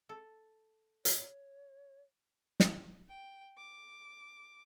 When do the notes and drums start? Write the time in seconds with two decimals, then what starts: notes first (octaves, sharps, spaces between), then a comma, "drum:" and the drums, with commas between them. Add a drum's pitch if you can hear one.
0.09 A4
1.05 C#5, drum: hi-hat
2.60 drum: snare
3.09 G5
3.57 D6